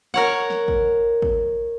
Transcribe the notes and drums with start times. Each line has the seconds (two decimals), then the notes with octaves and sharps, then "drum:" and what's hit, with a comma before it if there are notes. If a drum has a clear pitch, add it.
0.14 A#4 C#5 F#5
0.50 drum: snare
0.68 drum: kick
1.22 drum: kick